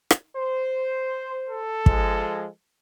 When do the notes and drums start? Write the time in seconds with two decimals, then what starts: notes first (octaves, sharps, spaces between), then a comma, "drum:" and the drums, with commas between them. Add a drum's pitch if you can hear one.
0.11 drum: rim click
0.36 C5
1.49 A4
1.86 F3 G#3, drum: kick